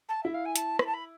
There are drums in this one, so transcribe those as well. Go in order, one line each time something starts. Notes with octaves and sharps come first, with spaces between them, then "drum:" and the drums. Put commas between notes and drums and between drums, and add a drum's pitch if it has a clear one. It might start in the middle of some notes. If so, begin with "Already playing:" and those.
A5
E4 E5
F5
G#5
A5, drum: hi-hat
B5, drum: rim click
A5
B5